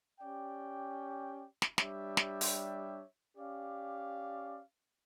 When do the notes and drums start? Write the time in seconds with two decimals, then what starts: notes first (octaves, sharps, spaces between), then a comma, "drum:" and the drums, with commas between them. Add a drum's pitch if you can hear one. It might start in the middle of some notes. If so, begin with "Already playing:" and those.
0.20 C#4 G4 D5 G5
1.62 drum: snare
1.78 G3 D4 G4 C#5 E5, drum: snare
2.17 drum: snare
2.41 drum: open hi-hat
3.36 C#4 G4 D5 F5